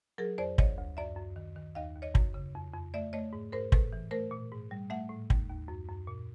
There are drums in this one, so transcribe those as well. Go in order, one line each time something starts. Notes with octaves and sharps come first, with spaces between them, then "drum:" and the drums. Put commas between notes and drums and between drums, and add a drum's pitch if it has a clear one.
F#3 G#4 A#4
F2 C5 D5
D2 C#5 D#5, drum: kick
D2
F#2 D5 E5
F#2
D#3
D#3
D#2 D#5 F5
D#2
C#5 D#5
F#2, drum: kick
C#3
F2
F2
A3 D5 E5
A3 C#5 D#5
G#2
G#2 A#4 C5
A2 A4 B4, drum: kick
E3
A3 A#4 C5
A#2
G#2
G3
A3 E5 F#5
A2
D#2, drum: kick
D#2
F#2
F#2
A#2